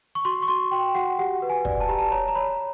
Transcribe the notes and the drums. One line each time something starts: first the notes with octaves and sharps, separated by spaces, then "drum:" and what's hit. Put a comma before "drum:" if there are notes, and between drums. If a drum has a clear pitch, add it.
C#6
F#4 C6
C#6
F#4 C6
F#4 G5
F#4 F#5
G4 F#5
B4
G#5
D5, drum: kick
A5
G4 A#5
A5
C#5 A#5
A#5
C#5 B5